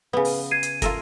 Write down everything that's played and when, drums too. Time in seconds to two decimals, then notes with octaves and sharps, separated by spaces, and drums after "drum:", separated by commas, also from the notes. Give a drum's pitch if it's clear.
0.13 C#3 B3 B4
0.25 drum: open hi-hat
0.51 G#6 C7 D#7
0.63 drum: hi-hat
0.82 F4 A4 A#4, drum: kick, hi-hat